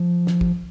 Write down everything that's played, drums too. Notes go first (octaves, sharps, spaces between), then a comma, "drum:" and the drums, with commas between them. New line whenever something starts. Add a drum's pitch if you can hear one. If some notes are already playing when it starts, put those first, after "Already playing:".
Already playing: F3
drum: snare
drum: kick